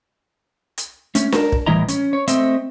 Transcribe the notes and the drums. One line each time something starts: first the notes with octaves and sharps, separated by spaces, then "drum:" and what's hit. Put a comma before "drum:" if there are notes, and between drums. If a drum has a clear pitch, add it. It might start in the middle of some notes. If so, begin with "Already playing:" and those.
drum: hi-hat
A3 C#4, drum: hi-hat
A#4 A5, drum: snare D4
drum: kick
A2 E3 G3 E4 D#5 A#5
C#4, drum: hi-hat
C#5
A3 C4 D#5 E5, drum: hi-hat